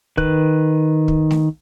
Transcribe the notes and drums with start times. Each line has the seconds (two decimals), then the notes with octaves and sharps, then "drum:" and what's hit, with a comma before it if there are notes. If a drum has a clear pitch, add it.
0.17 D#3 B4 F#6, drum: kick
1.08 drum: kick
1.31 drum: snare A3